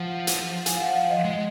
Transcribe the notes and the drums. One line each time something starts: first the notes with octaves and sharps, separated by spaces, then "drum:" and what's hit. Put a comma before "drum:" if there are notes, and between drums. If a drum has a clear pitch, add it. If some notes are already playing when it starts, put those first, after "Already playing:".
Already playing: F3 F#5
drum: hi-hat
G#5, drum: hi-hat
F5
F#5
F5
D#5
G#3